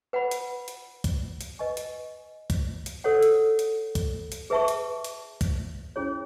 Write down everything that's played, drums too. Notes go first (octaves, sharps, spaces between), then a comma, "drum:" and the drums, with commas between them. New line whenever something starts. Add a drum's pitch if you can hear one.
B4 F#5 B5
drum: hi-hat
drum: hi-hat
drum: kick, hi-hat
drum: hi-hat
B4 D#5 G#5 C#6
drum: hi-hat
drum: kick, hi-hat
drum: hi-hat
A4 C#5 F#5
drum: hi-hat
drum: hi-hat
drum: kick, hi-hat
drum: hi-hat
G#4 B4 E5 A5 C#6
drum: hi-hat
drum: hi-hat
drum: kick, hi-hat
C#4 E4 G#4 C#5